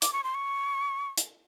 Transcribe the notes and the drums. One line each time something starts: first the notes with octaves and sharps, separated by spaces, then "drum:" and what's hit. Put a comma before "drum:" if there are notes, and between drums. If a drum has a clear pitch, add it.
D6, drum: hi-hat
C#6
C6
C#6
drum: hi-hat